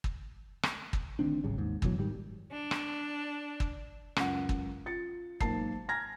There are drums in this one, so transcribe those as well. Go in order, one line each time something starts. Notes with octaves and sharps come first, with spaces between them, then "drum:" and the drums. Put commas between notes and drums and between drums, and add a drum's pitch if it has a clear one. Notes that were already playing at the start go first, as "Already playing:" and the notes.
drum: kick
drum: rim click
drum: kick
D2 D#3 C4 D4
D1 G#1 C#3 G3
D#2 G#2
F#1 B2 E3 F#3, drum: kick
G#1 G#2 D#3 G3
D4
drum: rim click
drum: kick
C#2 F#2 F#5, drum: rim click
drum: kick
F4 A6 C#7
B1 G#2 A#3 A#4 A5 C7, drum: kick
G#5 A#5 F6 G#6 A#6